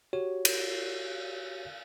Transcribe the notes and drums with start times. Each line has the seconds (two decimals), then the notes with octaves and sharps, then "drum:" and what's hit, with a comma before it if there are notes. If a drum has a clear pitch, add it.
0.13 F#4 G4 C#5
0.45 drum: cymbal